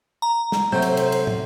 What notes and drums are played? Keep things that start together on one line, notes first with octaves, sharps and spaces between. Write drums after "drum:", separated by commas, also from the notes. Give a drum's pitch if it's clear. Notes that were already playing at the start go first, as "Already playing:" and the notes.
A#5
drum: snare
C3 F#3 A3 C5
drum: cymbal
drum: cymbal
drum: cymbal
drum: tom